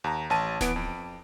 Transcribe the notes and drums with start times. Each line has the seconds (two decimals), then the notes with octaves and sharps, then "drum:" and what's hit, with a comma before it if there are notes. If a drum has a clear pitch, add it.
0.04 D#2 A#5
0.30 A1 A5 D#7
0.61 E3 B3 D7, drum: snare D1
0.76 F2